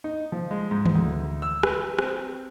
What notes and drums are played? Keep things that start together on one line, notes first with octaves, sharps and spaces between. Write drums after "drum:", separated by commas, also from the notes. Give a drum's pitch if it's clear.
D#4
F3
G#3
G#2
drum: tom D#3
D2
E6
B4, drum: rim click
C4, drum: rim click